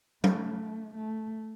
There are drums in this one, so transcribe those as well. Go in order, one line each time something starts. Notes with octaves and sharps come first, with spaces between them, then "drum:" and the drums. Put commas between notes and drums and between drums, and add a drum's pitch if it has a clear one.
A3, drum: tom F#3
A3